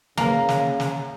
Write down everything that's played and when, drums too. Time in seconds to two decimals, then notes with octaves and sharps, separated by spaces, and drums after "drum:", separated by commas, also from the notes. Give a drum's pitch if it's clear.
0.17 C#3 A#3 A#5, drum: snare
0.49 drum: snare
0.80 drum: snare